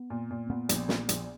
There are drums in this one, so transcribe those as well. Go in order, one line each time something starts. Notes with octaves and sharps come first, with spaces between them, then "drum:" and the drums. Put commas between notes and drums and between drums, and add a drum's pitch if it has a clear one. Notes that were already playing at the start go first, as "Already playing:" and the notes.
Already playing: B3
A#2
A#2
A#2 B3
A#1, drum: hi-hat
A#2, drum: snare
A#1, drum: hi-hat